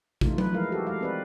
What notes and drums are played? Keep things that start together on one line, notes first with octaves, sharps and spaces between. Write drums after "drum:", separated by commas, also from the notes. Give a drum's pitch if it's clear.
E3 A3 D#4 F4, drum: kick A1
B4, drum: tom F#3
E3 F3 G#3 E4 A#4 F5
F#4 G4 A4
G#3 F5
C4 B4 D5